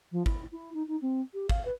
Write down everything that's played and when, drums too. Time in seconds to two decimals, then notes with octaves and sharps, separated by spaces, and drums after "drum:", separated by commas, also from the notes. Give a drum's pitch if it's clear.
0.12 F3
0.26 E4, drum: kick G#1
0.52 E4
0.74 D#4
0.88 D#4
1.02 C4
1.34 G4
1.49 F5, drum: kick G#1
1.65 B4